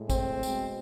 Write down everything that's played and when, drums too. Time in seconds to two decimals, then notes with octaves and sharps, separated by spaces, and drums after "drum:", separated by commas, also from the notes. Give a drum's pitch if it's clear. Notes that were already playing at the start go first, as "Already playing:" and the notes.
Already playing: A2 G#3
0.10 C4, drum: kick, tambourine
0.43 B2 G#3, drum: tambourine